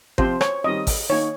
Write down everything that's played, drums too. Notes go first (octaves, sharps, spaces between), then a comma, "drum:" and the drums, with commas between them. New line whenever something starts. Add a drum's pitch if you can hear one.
C3 F3 C4 G4 C5, drum: kick
C#5, drum: rim click
D#3 G3 C4 D#5
drum: kick, open hi-hat
D#3 A#3 D#4 C#5